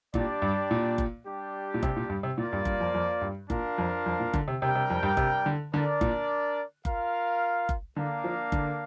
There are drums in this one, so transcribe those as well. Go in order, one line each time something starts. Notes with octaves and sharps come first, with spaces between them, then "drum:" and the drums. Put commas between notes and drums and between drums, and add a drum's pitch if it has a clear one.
A#2 G3 D4 G4 D5, drum: kick F#1
G2
A#2
drum: kick F#1
G3 D4 G4
A#2
C3, drum: kick F#1
A#2
G2
C3
A#2 A#3 F4 D5
G2
G2, drum: kick F#1
F2
F2
G2
A#2 D4 F4 A#4 F5, drum: kick F#1
F2
F2
A#2
D3, drum: kick F#1
C3
C3 G3 D4 A#4 G5
C3
F2
G2
C3, drum: kick F#1
D3
D3 D4 A#4 D5
A#2, drum: kick F#1
F4 A#4 F5, drum: kick F#1
drum: kick F#1
D3 A#3 D4 A#4 F5
F3
D3, drum: kick F#1